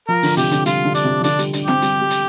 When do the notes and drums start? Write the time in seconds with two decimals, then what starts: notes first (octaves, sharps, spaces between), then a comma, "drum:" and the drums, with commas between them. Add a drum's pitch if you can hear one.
0.08 F3 A#4
0.23 D3, drum: open hi-hat
0.37 C3 G4, drum: hi-hat
0.51 D3, drum: hi-hat
0.66 G3 F4, drum: hi-hat
0.85 D3
0.95 D4, drum: hi-hat
1.04 C3
1.19 F3
1.24 D3 D4, drum: hi-hat
1.39 G3, drum: hi-hat
1.53 D4, drum: hi-hat
1.63 G4
1.68 C4, drum: snare
1.82 G3, drum: hi-hat
2.01 G3
2.11 drum: hi-hat